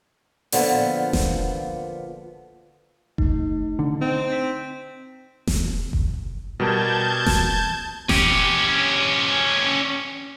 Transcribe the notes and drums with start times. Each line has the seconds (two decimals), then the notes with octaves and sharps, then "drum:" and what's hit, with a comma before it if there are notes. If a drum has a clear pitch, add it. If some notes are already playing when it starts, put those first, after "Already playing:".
0.52 A#2 D3 F3 B3, drum: open hi-hat
1.13 drum: snare E1
3.18 A3 D#4, drum: kick F#1
3.79 D3
4.01 C4 D#4
4.32 B6
5.47 drum: snare E1
5.93 drum: kick F#1
6.60 B2 G3 A#4 A5 G6 G#6
7.26 drum: snare E1
8.09 C#4 G4, drum: snare E1